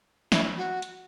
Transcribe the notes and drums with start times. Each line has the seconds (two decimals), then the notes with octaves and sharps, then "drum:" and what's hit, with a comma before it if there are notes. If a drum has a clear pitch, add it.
0.32 E4, drum: snare
0.57 F#4
0.82 drum: hi-hat